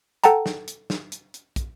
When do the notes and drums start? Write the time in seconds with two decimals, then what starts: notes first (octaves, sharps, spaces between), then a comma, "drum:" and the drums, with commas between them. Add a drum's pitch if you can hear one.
0.24 A4 F#5 G5 A5 A#5, drum: hi-hat
0.46 drum: snare
0.68 drum: hi-hat
0.90 drum: snare
1.12 drum: hi-hat
1.34 drum: hi-hat
1.56 drum: kick, hi-hat